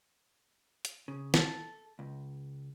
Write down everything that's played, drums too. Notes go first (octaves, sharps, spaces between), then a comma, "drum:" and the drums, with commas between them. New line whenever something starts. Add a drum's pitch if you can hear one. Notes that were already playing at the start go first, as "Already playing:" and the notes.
drum: hi-hat
C#3
A4, drum: snare
C#2